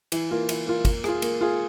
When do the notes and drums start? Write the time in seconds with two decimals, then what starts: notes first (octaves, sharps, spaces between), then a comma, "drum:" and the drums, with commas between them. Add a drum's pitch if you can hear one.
0.12 E3, drum: cymbal
0.31 A#3 F4
0.49 E3, drum: cymbal
0.67 A#3 F4
0.85 A#3, drum: kick, cymbal
1.04 F4 G#4, drum: rim click
1.22 A#3, drum: cymbal
1.41 F4 G#4